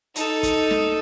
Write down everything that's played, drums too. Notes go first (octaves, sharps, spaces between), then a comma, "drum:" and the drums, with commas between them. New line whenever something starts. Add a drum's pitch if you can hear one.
D#4 A4, drum: hi-hat
drum: kick, hi-hat
drum: snare